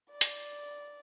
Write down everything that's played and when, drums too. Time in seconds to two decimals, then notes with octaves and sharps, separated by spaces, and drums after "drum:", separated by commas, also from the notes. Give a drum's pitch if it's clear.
0.11 D5
0.21 drum: hi-hat